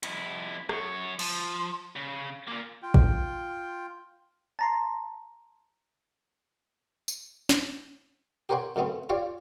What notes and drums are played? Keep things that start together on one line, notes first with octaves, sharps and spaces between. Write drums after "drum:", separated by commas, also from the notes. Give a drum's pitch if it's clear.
F2 E4, drum: hi-hat
F#2 C#5, drum: rim click
F3, drum: cymbal
C#3
A#2 A#3
F4 G5
drum: kick
A5 A#5 C6
drum: tambourine
drum: snare
G4 A#4 C5 C#5 F#5 G5
F#2 C#3 A3 B3 C4
F4 G4 C#5 D5 F5 C#6